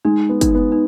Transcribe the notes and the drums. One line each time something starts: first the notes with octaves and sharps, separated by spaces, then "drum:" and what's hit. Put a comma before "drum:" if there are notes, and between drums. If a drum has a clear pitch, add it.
G#3 D#4
B3
D#4, drum: kick, hi-hat
B3
D#4